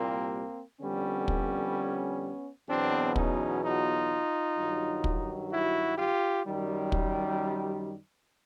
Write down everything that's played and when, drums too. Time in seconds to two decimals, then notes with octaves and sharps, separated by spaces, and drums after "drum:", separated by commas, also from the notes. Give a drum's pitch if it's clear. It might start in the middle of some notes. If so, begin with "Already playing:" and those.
Already playing: C2 A#2 G3 A#3 C4
0.80 F2 D3 G3 B3 C#4
1.28 drum: kick
2.69 E2 B2 F#3 C4 D4
3.16 C#4 D#4, drum: kick
3.63 D#4 F4
4.57 G2 D#3 F#3
5.04 drum: kick
5.51 E4 F#4
5.98 F4 G4
6.46 F#2 D#3 G3
6.92 drum: kick